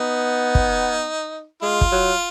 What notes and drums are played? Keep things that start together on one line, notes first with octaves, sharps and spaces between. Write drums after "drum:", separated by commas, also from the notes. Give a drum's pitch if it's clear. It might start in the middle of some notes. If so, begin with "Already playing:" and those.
Already playing: B3 D#4
drum: kick
G#3 F4
drum: kick
F#3